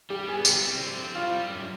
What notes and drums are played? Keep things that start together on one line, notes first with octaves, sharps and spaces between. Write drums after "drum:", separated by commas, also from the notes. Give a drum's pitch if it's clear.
G3 G4
B3 G#4
G3 G4, drum: tambourine
C4
D3
C4
G3 F4
G3
F#2